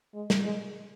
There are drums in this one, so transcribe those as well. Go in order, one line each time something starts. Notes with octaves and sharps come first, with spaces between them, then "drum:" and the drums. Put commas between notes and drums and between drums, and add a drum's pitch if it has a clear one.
G#3
drum: snare
G#3